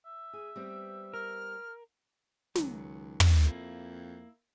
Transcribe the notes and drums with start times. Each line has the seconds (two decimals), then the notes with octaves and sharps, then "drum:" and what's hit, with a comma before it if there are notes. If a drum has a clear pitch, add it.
0.05 E5
0.33 G#4
0.56 G3 B3 C4
1.14 A#4 F6
2.55 C#2 D#3 F#3, drum: snare
3.20 drum: tom
3.45 F2 A#3 E4